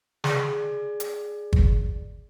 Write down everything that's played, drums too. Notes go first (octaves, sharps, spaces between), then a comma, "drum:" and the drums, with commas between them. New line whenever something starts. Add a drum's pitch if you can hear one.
G#4 D5, drum: snare
drum: hi-hat
drum: kick